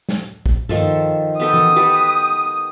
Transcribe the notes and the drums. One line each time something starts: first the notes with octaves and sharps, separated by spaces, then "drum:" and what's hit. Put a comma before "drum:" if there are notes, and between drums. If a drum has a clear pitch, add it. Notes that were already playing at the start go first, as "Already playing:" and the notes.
drum: snare
drum: kick
D#3 F3 A4, drum: tom G2
B3 A4 G5 D#6
drum: tom E3
G4 A4 B4